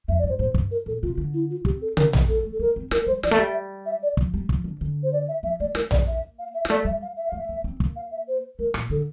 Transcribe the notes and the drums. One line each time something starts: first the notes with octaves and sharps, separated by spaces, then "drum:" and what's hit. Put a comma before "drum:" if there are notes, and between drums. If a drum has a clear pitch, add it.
F2 E5
D5
G2
C5
A2 C5
G2, drum: kick
A#4
A#2 A4
C3 F4
D3
E4
F4
C4 G4, drum: kick
A4
A#3 A#4, drum: tom
C3, drum: tom A#1
G3 A4
A3
A4
A#3 A#4
C4
A#3 A#4, drum: snare
A#4
G3 C5
F3 D5, drum: snare
A3
G3 E5
E5
D5
F3, drum: kick
G3
F3, drum: kick
D3
D3
C5
D5
E5
F3 E5
A3 D5
A3 A#4, drum: snare
A#3 D5, drum: tom A#1
E5
F5
E5
G3, drum: snare
A3 D5
G3 E5
F5
E5
A3 F5
E5
A#3
C4
A#3, drum: kick
F5
E5
C5
A3 A#4
A#2, drum: rim click
D3 A4